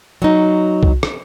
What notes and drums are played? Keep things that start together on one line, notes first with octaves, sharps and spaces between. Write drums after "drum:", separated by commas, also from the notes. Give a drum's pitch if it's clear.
F#3 D#4
drum: kick
drum: rim click